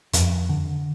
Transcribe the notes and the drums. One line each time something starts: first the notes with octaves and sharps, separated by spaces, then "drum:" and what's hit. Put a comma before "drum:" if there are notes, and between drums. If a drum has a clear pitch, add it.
F2, drum: hi-hat
D3